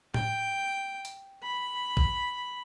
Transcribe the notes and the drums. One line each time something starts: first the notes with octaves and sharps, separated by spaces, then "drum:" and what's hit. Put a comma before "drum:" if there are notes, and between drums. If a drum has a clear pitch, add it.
G5, drum: tom A2
drum: hi-hat
B5
drum: kick A#1